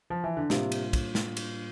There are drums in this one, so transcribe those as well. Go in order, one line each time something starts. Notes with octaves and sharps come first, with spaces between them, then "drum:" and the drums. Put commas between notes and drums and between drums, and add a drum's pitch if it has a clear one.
F3
E3
D3
A2 C3 G3 A#3 D4 F4, drum: snare
drum: cymbal
drum: kick, cymbal
drum: snare
drum: cymbal